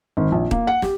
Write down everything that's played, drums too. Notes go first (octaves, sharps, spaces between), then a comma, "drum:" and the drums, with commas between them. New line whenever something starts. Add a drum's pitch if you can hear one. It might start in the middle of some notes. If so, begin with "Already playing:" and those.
G#1
A#1
A#3, drum: kick D#1
F#5
G4, drum: snare